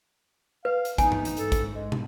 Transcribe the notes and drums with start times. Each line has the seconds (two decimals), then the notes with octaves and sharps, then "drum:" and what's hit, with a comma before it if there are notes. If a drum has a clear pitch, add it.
0.65 B4 F5
0.85 drum: hi-hat
0.98 E3 B3 D#4 G#5, drum: kick, hi-hat
1.12 drum: tom G2
1.25 drum: hi-hat
1.37 G#2 A4, drum: hi-hat
1.52 drum: kick, hi-hat
1.73 G#3
1.92 drum: tom